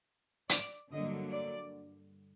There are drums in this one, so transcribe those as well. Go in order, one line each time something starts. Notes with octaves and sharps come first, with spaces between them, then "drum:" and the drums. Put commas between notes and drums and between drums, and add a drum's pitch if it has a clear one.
D5, drum: hi-hat
G2 D3 F#3 A#3 D#5
D5